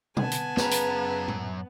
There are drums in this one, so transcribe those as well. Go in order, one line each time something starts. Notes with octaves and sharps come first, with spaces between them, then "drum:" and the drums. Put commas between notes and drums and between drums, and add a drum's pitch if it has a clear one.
B3 G#5 A5, drum: tom
drum: hi-hat
F#2 C#3 B4 A#5, drum: snare
drum: hi-hat
drum: tom A2